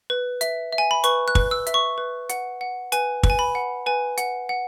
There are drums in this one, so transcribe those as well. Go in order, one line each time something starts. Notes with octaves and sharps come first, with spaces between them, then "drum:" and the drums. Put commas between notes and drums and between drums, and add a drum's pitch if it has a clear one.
B4
E5, drum: hi-hat
E5
G#5
B5
B4 C#6, drum: hi-hat
F#6
B4, drum: kick
E6
E5, drum: hi-hat
C#6
B4
F#5, drum: hi-hat
F#5
B4 G#5, drum: hi-hat
B4, drum: kick
G#5
B5
F#5
B4 G#5
F#5, drum: hi-hat
F#5